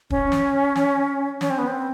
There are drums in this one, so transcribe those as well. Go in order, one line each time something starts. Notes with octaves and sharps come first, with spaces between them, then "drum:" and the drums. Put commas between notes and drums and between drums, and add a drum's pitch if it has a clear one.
C#4, drum: kick
drum: snare
drum: snare
C#4, drum: snare
C4
B3
C4